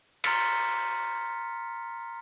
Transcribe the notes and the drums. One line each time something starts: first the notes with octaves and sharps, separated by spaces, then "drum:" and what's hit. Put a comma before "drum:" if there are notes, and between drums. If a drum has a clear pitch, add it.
A#5 C6 F6 A6 B6 C#7, drum: cymbal